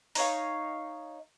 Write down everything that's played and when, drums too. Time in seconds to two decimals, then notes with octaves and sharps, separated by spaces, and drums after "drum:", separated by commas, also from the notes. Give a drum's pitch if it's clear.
0.15 D#4 C#5 F5, drum: open hi-hat